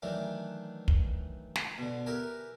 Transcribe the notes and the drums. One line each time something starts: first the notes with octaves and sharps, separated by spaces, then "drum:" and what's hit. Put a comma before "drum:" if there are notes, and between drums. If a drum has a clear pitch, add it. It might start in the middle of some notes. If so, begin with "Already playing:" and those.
D#3 E3 F#3 A3 D4
drum: kick
drum: snare
B2 D3
E4 G4 A#4 B4 G#5